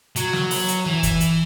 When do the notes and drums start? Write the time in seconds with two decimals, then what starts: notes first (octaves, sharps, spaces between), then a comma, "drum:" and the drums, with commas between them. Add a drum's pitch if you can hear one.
0.16 F#3, drum: hi-hat
0.33 drum: snare
0.51 drum: open hi-hat
0.68 drum: hi-hat
0.86 E3
1.03 drum: kick, hi-hat
1.20 drum: hi-hat